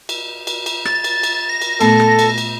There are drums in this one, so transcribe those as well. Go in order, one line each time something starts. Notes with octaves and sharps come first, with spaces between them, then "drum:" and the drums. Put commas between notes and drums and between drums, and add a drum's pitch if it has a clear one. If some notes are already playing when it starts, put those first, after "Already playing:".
drum: cymbal
drum: cymbal
drum: cymbal
A6, drum: rim click
drum: cymbal
drum: cymbal
A#6
drum: cymbal
A#2 A3 B3 A4, drum: cymbal
drum: rim click
drum: cymbal
drum: cymbal